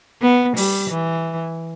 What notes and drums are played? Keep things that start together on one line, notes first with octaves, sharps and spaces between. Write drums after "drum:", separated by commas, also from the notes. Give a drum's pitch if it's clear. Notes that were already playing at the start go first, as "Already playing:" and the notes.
B3
G3, drum: open hi-hat
E3